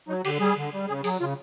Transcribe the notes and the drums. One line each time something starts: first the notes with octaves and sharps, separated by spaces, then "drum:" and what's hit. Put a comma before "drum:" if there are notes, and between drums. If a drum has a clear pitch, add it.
F#3 D#4
D3 G4, drum: cymbal
G3 G#4
D3
G3
C#3 G#4
F#3 G#4, drum: open hi-hat
C#3 F4